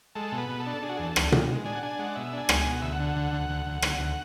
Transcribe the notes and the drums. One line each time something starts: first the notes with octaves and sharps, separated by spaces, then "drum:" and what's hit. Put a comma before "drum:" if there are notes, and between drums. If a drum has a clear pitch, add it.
G#3 A4
B2
B4
B2
A4
D4
D4 G#4
F#4
E2 G#4
A4
D4, drum: rim click
B2, drum: tom A#2
G#3
D4 G#5
F#5
D4 G#5
G#3 F#5
D5
B2 E5
D4
G#5
G#3, drum: rim click
B2 G#5
F#5
D2 E5
F#5
D3
D2
D2
D2
D2
D2, drum: rim click
D2